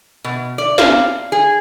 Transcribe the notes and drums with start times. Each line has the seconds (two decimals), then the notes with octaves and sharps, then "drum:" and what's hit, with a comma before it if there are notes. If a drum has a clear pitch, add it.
0.24 B2
0.58 D5
0.78 F5, drum: snare
1.32 G#4